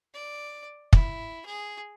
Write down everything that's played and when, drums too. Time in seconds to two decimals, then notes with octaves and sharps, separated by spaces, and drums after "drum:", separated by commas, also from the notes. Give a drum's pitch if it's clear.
0.14 D5
0.93 E4, drum: kick
1.46 G#4